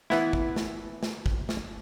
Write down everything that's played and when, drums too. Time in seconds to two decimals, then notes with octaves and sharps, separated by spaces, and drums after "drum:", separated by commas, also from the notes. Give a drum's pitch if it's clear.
0.10 E3 B3 E4, drum: snare
0.33 drum: kick
0.56 drum: snare
1.03 drum: snare
1.26 drum: kick
1.49 drum: snare